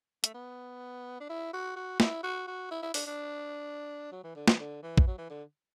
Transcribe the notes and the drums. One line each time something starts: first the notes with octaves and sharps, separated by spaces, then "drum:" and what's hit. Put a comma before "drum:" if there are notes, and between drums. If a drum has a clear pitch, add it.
A3, drum: hi-hat
B3
D4
E4
F#4
F#4
E4, drum: snare
F#4
F#4
E4
E4
D4, drum: open hi-hat
D4
F#3
E3
D3
E3, drum: snare
D3
E3
drum: kick
F#3
E3
D3